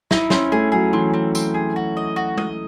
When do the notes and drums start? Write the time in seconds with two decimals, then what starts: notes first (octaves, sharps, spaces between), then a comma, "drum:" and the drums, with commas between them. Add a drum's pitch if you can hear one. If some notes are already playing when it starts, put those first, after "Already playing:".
0.11 D#4 E4, drum: snare
0.30 C4 C#4, drum: snare
0.52 A3 G#4
0.72 F#3 G#4
0.93 E3 C4
1.13 C4
1.35 C4, drum: tambourine
1.54 G#4
1.76 F#4
1.97 D#5
2.16 F#4
2.38 D#5, drum: tom